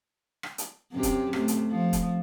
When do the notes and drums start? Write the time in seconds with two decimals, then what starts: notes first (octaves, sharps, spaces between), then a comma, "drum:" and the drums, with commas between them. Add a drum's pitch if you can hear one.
0.43 drum: rim click
0.58 drum: hi-hat
0.92 F#2 C3 G4
1.03 drum: kick E1, hi-hat
1.33 C3 A3, drum: rim click
1.48 drum: hi-hat
1.70 F3
1.93 drum: kick E1, hi-hat